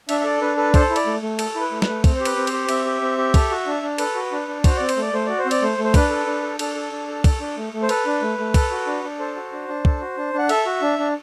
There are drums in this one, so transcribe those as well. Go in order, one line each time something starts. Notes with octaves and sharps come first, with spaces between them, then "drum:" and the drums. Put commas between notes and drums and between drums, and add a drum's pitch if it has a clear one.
D4 E5, drum: cymbal
E5
A4 D5
D4 B4
A4 B4
A4 C5, drum: kick, cymbal
E4
D5, drum: cymbal
A3
A3
A4, drum: cymbal
E4 B4
A3
B4, drum: snare
A3
C4, drum: kick, cymbal
G4 C5
B4, drum: cymbal
C4
C5, drum: cymbal
G4
C4 E5, drum: cymbal
G4
C4
G4
A4, drum: kick, cymbal
F#4
D4
D4
A4 B4, drum: cymbal
F#4
D4
D4
F#4 C5, drum: kick, cymbal
C4 D5
C5, drum: cymbal
A3 D5
A3 C5
F#4 D5
C5
C4
D5, drum: cymbal
A3 C5
A3
C5
D4 B4, drum: kick, cymbal
A4
D4
A4
D4 A4, drum: cymbal
A4
D4
A4
A4, drum: kick, cymbal
D4
A3
A3
C5
A4 B4, drum: cymbal
D4
A3
A3
A4, drum: kick, cymbal
F#4
D4
D4
A4 C5
F#4
D4
D4
A4, drum: kick
F#4
D4
D4
F#5
A4 E5, drum: cymbal
F#4
D4
D4